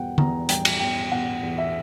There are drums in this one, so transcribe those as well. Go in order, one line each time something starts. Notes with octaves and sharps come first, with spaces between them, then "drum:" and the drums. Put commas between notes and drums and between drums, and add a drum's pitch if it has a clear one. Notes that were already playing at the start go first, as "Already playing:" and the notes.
Already playing: E2 B2 G3 F#5 G5
E2 A#5, drum: tom D3
G3 G5, drum: hi-hat
drum: cymbal
E2 G5
B2 F#5
E2
E5